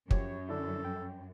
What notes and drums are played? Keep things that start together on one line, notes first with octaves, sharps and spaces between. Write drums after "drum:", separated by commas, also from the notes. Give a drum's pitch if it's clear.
F#2 F3 G4 C#5, drum: kick
D3 D4 E4 A4
G5